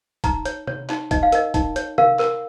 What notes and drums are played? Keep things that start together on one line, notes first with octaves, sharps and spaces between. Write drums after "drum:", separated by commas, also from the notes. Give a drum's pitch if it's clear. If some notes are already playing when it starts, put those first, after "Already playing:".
D#4 A#5, drum: kick, hi-hat
C#5, drum: hi-hat
C#5, drum: tom C3
D#4, drum: clap
D#4 D#5, drum: kick, hi-hat
F5
A#4 D#5, drum: hi-hat
D#4, drum: kick, hi-hat
C#5, drum: hi-hat
A#4 F5, drum: tom C3
A#4, drum: clap